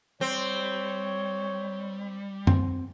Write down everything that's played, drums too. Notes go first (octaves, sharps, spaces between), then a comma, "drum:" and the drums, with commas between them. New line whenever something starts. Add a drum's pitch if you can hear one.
G3 C4 C#5
C4, drum: tom F#2